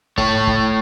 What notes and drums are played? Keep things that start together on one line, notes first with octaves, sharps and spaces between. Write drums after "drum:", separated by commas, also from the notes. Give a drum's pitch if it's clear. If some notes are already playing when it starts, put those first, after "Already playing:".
A3 C#5, drum: kick
drum: kick